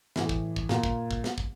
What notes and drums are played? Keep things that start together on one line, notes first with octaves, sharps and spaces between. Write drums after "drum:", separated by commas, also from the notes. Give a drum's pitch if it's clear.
A2 E3, drum: snare
drum: kick
drum: kick
A#2, drum: snare
drum: kick
drum: kick
drum: snare
drum: kick